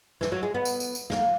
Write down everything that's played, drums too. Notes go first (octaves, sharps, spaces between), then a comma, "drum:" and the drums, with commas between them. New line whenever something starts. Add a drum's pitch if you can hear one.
E3, drum: snare
F#3
G#3
B3
drum: tambourine
drum: tambourine
drum: tambourine
A#3, drum: snare